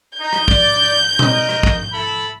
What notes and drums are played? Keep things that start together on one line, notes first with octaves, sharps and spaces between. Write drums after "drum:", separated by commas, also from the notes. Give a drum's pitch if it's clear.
D#4 G6
drum: rim click
D5, drum: kick
A#4 D#5, drum: tom A#2
drum: rim click
drum: kick
E4 A4 B5